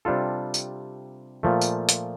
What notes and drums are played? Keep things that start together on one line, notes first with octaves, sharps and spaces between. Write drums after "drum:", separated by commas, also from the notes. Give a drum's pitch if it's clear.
C3 G3 D4 F4 A4
drum: tambourine
A#2 F3 A3
drum: tambourine
drum: hi-hat